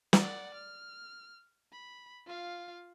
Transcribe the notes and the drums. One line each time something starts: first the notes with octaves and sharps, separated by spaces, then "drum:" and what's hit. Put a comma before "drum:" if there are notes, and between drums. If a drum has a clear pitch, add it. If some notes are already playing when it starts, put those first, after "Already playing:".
D5 F#5, drum: snare
F6
B5
F4 F5